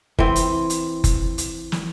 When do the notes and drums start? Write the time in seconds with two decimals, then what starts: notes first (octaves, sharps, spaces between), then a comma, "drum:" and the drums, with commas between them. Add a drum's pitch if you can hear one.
0.19 E3 C4, drum: kick F#1
0.36 drum: hi-hat
0.70 drum: hi-hat
1.04 drum: kick F#1, hi-hat
1.38 drum: hi-hat
1.72 drum: snare